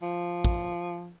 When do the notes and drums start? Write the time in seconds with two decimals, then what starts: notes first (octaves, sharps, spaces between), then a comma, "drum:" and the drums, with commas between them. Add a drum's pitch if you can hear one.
0.03 F3
0.44 drum: kick